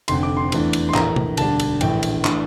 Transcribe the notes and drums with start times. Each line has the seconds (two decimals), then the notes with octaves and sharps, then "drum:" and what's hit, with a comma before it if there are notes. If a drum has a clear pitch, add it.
0.08 F1 F2 D3 C6, drum: cymbal
0.23 D6
0.37 C6
0.52 E2 E3 A3 D4, drum: cymbal
0.73 drum: cymbal
0.89 C6
0.94 A#1 A2 E3 A#3 A#5, drum: clap
1.16 drum: tom
1.37 E1 D2 D3 G3 D4 A5, drum: cymbal
1.60 drum: cymbal
1.81 A#1 A2 E3 G5, drum: cymbal
2.03 drum: cymbal
2.25 E3 A3 D4, drum: clap